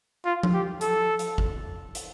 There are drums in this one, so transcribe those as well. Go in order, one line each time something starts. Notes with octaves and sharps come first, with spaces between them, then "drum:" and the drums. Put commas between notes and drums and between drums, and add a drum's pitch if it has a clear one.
F4
drum: tom F3
G4
A4, drum: hi-hat
drum: hi-hat
drum: kick
drum: hi-hat